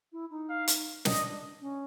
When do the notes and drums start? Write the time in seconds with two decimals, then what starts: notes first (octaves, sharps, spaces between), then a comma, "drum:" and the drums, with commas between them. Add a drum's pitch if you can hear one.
0.12 E4
0.31 D#4
0.49 F5
0.68 drum: hi-hat
1.05 D4 D#5, drum: snare
1.61 C#4